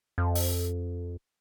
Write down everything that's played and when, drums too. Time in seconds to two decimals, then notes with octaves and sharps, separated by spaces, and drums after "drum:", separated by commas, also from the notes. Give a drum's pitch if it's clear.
0.18 F2
0.35 drum: open hi-hat